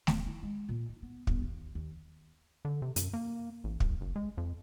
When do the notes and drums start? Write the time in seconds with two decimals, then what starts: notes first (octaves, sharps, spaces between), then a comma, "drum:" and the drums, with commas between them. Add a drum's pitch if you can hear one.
0.07 D#1, drum: snare A3
0.27 E4
0.43 G#3
0.69 A#2
0.89 D#4
1.02 B3
1.27 G1, drum: kick
1.42 D#2
1.75 D#2
2.65 D3
2.82 C3
2.96 F#2, drum: hi-hat
3.13 A#3
3.64 A1
3.80 C2, drum: kick
4.01 F#1
4.16 G#3
4.38 F2